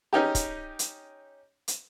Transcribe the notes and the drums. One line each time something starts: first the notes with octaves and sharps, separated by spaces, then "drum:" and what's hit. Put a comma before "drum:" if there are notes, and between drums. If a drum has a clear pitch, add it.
C#4 D#4 G4
drum: kick, hi-hat
drum: hi-hat
drum: hi-hat